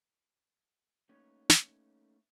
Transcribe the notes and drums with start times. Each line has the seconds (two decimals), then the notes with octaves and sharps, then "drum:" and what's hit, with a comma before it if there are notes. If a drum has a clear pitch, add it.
1.09 A3 A#3 C#4 D#4 B4 C#5
1.49 drum: snare